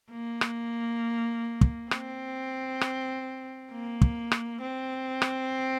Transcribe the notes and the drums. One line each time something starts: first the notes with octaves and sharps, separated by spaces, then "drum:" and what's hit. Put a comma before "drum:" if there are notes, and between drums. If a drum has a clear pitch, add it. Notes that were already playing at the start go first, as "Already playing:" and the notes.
A#3
drum: rim click
drum: kick
C4, drum: rim click
drum: rim click
A#3
drum: kick
drum: rim click
C4
drum: rim click